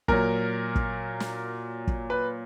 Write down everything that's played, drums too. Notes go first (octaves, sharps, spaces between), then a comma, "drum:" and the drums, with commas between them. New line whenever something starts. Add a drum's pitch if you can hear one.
A#2 F#3 A#4, drum: kick
drum: kick
drum: snare
drum: kick
B4